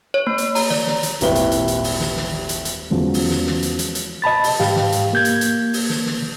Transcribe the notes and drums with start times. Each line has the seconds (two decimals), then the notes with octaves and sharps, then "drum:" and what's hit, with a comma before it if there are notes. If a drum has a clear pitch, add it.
0.14 C#5
0.27 A#3
0.38 drum: hi-hat
0.55 A#5, drum: open hi-hat
0.70 D5, drum: snare
0.87 drum: snare
1.03 drum: hi-hat
1.21 D#1 G#1 D#2 E4 B4 G7, drum: hi-hat
1.35 drum: hi-hat
1.52 drum: hi-hat
1.68 drum: hi-hat
1.84 drum: open hi-hat
2.00 drum: snare
2.16 drum: snare
2.49 drum: hi-hat
2.65 drum: hi-hat
2.90 E2 F3 F#3 G#3 C#4
3.14 drum: open hi-hat
3.30 drum: snare
3.46 drum: snare
3.63 drum: hi-hat
3.79 drum: hi-hat
3.95 drum: hi-hat
4.22 D#5 A5 B5 A6
4.44 drum: open hi-hat
4.60 G#2 G4 F5, drum: snare
4.76 drum: snare
4.92 drum: hi-hat
5.13 A#3 G6 G#6
5.25 drum: hi-hat
5.41 drum: hi-hat
5.73 drum: open hi-hat
5.90 drum: snare
6.06 drum: snare